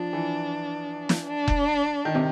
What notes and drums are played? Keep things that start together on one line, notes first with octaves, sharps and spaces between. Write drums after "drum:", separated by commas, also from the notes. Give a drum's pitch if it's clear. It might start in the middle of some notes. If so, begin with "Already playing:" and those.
Already playing: F3 D4
E3
drum: snare
D4
drum: kick F1
D#3
C3